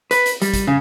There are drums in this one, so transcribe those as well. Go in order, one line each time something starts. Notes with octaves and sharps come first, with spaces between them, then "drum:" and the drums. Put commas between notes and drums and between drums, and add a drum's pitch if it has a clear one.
B4, drum: hi-hat
drum: hi-hat
G3, drum: hi-hat
drum: kick, hi-hat
C#3